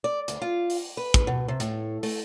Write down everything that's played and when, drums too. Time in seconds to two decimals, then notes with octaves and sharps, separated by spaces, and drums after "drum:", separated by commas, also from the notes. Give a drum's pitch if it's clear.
0.04 D5
0.28 D2, drum: hi-hat
0.42 F4
0.70 drum: open hi-hat
0.97 B4
1.14 drum: kick, hi-hat
1.27 B2
1.48 C3
1.60 A2, drum: hi-hat
2.03 A3, drum: open hi-hat